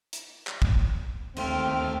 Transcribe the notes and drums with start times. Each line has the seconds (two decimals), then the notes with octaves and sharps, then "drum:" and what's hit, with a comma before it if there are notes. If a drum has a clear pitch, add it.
0.13 drum: hi-hat
0.47 drum: clap
0.62 drum: kick
1.36 D#2 A3 C4 G5 F6, drum: cymbal